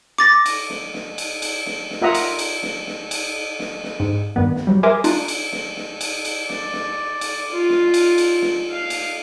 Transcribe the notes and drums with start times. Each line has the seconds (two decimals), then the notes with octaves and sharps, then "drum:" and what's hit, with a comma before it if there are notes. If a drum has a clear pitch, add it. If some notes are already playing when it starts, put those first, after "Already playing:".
0.18 D6 A6 A#6
0.46 drum: cymbal
0.70 drum: snare
0.94 drum: snare
1.18 drum: cymbal
1.42 drum: cymbal
1.66 drum: snare
1.90 drum: snare
2.02 F4 A#4 E5 F#5 A#5 D#6
2.15 drum: cymbal
2.39 drum: cymbal
2.63 drum: snare
2.87 drum: snare
3.11 drum: cymbal
3.59 drum: snare
3.83 drum: snare
4.00 G#2
4.36 G2 D#3 B3
4.56 drum: snare
4.67 F#3 G3
4.83 G#4 A#4 E5 G#5 C6 D6
5.04 D4 D#4 F4, drum: cymbal
5.28 drum: cymbal
5.52 drum: snare
5.77 drum: snare
6.01 drum: cymbal
6.25 drum: cymbal
6.50 D5, drum: snare
6.73 drum: snare
7.21 drum: cymbal
7.51 F4
7.70 drum: snare
7.94 drum: cymbal
8.18 drum: cymbal
8.42 drum: snare
8.70 F5
8.90 drum: cymbal